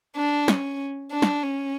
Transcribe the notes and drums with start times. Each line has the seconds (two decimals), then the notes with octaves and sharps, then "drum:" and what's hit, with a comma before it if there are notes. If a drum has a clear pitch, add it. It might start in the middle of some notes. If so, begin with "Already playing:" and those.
0.16 D4
0.48 C#4, drum: snare
1.12 D4
1.22 drum: snare
1.43 C#4